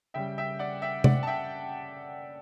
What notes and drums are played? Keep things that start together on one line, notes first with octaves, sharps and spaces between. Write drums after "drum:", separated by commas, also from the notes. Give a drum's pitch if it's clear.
C#3 G3 E5 G5
E5 G5
D5 F#5
E5 G5
D5 F#5, drum: tom C3
A5
E5 G5